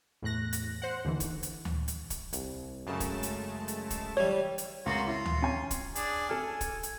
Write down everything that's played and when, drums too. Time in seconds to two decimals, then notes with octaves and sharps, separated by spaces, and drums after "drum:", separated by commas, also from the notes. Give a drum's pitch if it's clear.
0.22 E2 A2 F#6 A#6
0.53 drum: hi-hat
0.82 C5 F#5
1.05 D#2 D3 E3
1.20 drum: kick, hi-hat
1.43 drum: hi-hat
1.65 drum: tom D2
1.88 drum: hi-hat
2.10 drum: kick, hi-hat
2.33 C2, drum: hi-hat
2.87 F#2 C#3 G#3 A3 A5
3.00 drum: kick, hi-hat
3.23 drum: hi-hat
3.68 drum: hi-hat
3.90 drum: kick, hi-hat
4.17 E3 G3 C#5
4.58 drum: hi-hat
4.86 C#2 A#3 F4 F#4
5.07 E4 F4
5.26 drum: tom D2
5.42 C#4 G#5
5.71 drum: kick, hi-hat
5.95 D4 G#4, drum: hi-hat
6.29 A4 G#5 F6
6.61 drum: kick, hi-hat
6.83 drum: hi-hat